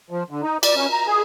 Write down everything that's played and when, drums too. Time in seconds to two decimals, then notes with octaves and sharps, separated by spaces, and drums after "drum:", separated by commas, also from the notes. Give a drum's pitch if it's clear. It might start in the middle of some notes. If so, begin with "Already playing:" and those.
0.11 F3
0.30 D3
0.43 D#4
0.63 D5, drum: cymbal
0.76 C#4
0.92 A#5
1.07 G#4